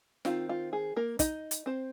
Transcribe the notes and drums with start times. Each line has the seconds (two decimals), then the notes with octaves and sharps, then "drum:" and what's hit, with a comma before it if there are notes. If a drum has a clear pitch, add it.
0.25 D#3 C4 F4, drum: snare
0.49 F4
0.73 G#4
0.96 A#3 A#4
1.19 D#4 D#5, drum: kick, hi-hat
1.51 drum: hi-hat
1.66 C4 C5